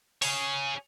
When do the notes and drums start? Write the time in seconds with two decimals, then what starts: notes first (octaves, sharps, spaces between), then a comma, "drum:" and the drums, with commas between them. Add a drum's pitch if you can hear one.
0.22 G#4 C#5, drum: open hi-hat